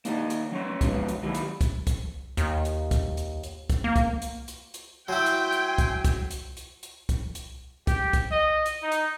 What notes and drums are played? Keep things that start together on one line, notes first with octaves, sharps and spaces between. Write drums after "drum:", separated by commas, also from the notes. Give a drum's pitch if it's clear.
A#3 D#4 D5, drum: hi-hat
drum: hi-hat
F#3 C#4 C#5 C6
G#2 B2 F3 F#3 B3, drum: kick, hi-hat
drum: hi-hat
D#3 F#3 G3 A#3 E4
drum: hi-hat
drum: kick, hi-hat
drum: kick, hi-hat
D#2, drum: hi-hat
drum: hi-hat
drum: kick, hi-hat
drum: hi-hat
drum: hi-hat
drum: kick, hi-hat
A#3
drum: kick, hi-hat
drum: hi-hat
drum: hi-hat
drum: hi-hat
F#3 E4 G5 G#5 C6
drum: hi-hat
drum: hi-hat
drum: kick, hi-hat
drum: kick, hi-hat
drum: hi-hat
drum: hi-hat
drum: hi-hat
drum: kick, hi-hat
drum: hi-hat
G4, drum: kick, hi-hat
drum: kick, hi-hat
D#5
drum: hi-hat
D#4
drum: hi-hat